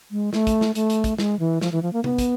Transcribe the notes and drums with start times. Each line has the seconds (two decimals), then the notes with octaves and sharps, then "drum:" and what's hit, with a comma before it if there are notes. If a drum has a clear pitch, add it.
0.11 G#3
0.33 A3, drum: snare
0.47 drum: kick, hi-hat
0.61 drum: snare
0.75 A3, drum: hi-hat
0.90 drum: hi-hat
1.04 drum: kick, hi-hat
1.18 G#3, drum: snare
1.39 E3
1.61 F3, drum: snare
1.72 E3
1.83 F3
1.93 A#3
2.04 B3, drum: tom C3
2.18 drum: kick, hi-hat